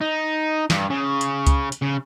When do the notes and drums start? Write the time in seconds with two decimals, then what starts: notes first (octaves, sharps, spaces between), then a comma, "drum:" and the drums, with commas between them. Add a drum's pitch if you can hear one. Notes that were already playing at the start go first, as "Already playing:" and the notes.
0.01 D#4
0.70 G2, drum: snare
0.90 C#3
1.21 drum: hi-hat
1.47 drum: kick C#2, hi-hat
1.72 drum: hi-hat
1.82 C#3